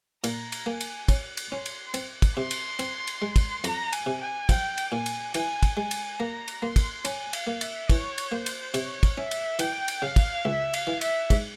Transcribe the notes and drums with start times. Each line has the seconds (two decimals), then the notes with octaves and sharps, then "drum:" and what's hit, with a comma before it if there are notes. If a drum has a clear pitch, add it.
0.24 A#2 A#5, drum: cymbal
0.52 drum: cymbal
0.66 A#3 G#5
0.81 drum: cymbal
1.09 C#4, drum: kick, cymbal
1.37 drum: cymbal
1.52 C#4 C6
1.66 drum: cymbal
1.94 C4, drum: cymbal
2.22 drum: kick, cymbal
2.37 C3 C6
2.51 drum: cymbal
2.79 C4, drum: cymbal
3.07 drum: cymbal
3.22 G#3
3.36 drum: kick, cymbal
3.64 F2 A#5, drum: cymbal
3.93 G#5, drum: cymbal
4.06 C3
4.21 G#5
4.49 F3 G5, drum: kick, cymbal
4.78 drum: cymbal
4.92 A#2 G#5
5.06 drum: cymbal
5.34 E3 G#5, drum: cymbal
5.63 drum: kick, cymbal
5.77 G#3 G#5
5.91 drum: cymbal
6.19 A#3 A#5
6.48 drum: cymbal
6.62 A#3 C6
6.76 drum: kick, cymbal
7.05 C#4 G#5, drum: cymbal
7.33 F5, drum: cymbal
7.47 A#3
7.61 E5, drum: cymbal
7.89 E3 C#5, drum: kick, cymbal
8.18 drum: cymbal
8.32 A#3 C5
8.46 drum: cymbal
8.74 C3 C#5, drum: cymbal
9.03 drum: kick, cymbal
9.17 C#4 E5
9.31 drum: cymbal
9.59 E3 G5, drum: cymbal
9.88 drum: cymbal
10.02 C#3 F5
10.16 drum: kick, cymbal
10.45 C#2 E5
10.73 F5, drum: cymbal
10.87 E3
11.01 E5, drum: cymbal
11.30 G#2, drum: kick, cymbal